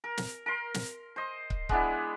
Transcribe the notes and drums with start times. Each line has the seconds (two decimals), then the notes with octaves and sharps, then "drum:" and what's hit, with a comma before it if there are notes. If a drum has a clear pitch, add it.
0.04 A#4
0.17 drum: snare
0.46 A#4 C6
0.74 drum: snare
1.16 C5 D#5
1.50 drum: kick
1.69 G#3 B3 D4 E4, drum: kick